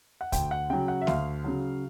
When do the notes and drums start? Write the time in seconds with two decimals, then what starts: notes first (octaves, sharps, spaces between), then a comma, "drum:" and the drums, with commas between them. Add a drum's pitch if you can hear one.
0.21 F#5
0.32 D2 G5, drum: kick, hi-hat
0.51 F#5
0.70 C#3 F#3 G5
0.88 F#5
1.01 E5
1.07 D2 F5, drum: snare
1.44 C#3 F#3